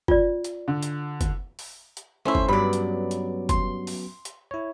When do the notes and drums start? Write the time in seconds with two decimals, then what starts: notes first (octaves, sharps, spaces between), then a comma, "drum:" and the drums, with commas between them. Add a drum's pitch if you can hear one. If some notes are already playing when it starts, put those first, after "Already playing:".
0.08 F4 D5, drum: kick
0.44 drum: hi-hat
0.68 D3
0.83 drum: hi-hat
1.21 drum: kick, hi-hat
1.59 drum: open hi-hat
1.97 drum: hi-hat
2.25 A3 C#4 E4 C5 E5
2.35 drum: kick
2.49 G2 F#3 B3 C#4 D5 B5
2.73 drum: hi-hat
3.11 drum: hi-hat
3.49 C6, drum: kick, hi-hat
3.87 drum: open hi-hat
4.25 drum: hi-hat
4.51 E4 C#5